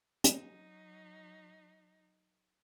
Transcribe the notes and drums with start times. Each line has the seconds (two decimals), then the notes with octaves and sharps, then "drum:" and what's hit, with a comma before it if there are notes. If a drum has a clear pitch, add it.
0.24 F#3 D#4, drum: hi-hat